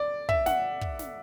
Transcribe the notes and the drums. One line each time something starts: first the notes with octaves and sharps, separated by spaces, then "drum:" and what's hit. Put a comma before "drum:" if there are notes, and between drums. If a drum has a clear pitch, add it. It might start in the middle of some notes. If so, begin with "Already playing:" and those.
Already playing: D5
E5, drum: kick
F#5, drum: snare
drum: kick
drum: snare